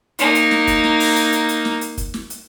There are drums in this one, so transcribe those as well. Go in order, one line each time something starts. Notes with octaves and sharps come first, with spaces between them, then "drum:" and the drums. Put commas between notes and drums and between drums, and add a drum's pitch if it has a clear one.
A#3 D#4, drum: hi-hat
drum: hi-hat
drum: snare
drum: kick, hi-hat
drum: snare
drum: open hi-hat
drum: hi-hat
drum: hi-hat
drum: hi-hat
drum: snare
drum: hi-hat
drum: kick, hi-hat
drum: snare
drum: hi-hat